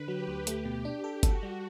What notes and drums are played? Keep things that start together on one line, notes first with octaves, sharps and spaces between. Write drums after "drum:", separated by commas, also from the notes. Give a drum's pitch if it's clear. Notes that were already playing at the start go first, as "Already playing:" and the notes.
Already playing: D3 B4
F#3 G4
D2
A3, drum: hi-hat
B2
D4
A4
F#4 A4, drum: kick G1, hi-hat
G3